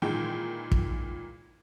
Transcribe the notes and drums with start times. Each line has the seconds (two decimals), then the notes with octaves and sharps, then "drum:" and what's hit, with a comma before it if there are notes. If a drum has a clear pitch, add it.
0.02 A#2 D#3 E3 G#3 G5
0.72 drum: kick